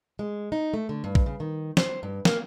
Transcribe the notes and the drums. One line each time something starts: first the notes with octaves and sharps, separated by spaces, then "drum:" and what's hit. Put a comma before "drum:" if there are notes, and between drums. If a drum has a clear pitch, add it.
G#3
D#4
A3
D3
G2
drum: kick
C#3
D#3
C5, drum: snare
G2
A#3, drum: snare